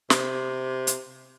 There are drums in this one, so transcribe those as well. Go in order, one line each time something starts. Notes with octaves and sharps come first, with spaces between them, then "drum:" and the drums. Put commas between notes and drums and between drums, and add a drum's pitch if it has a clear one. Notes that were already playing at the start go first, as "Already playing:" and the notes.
C3, drum: snare
drum: hi-hat